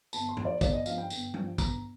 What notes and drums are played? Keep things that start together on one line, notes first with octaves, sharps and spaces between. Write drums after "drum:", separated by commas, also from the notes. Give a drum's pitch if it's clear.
G1 A5, drum: tambourine
C6
G2 F3, drum: tom G2
D5
G1 D5, drum: kick, tambourine
D#5
G2 F3 F5, drum: tambourine
G5
G1, drum: tambourine
G2 F3, drum: tom
G1 A#5, drum: kick, tambourine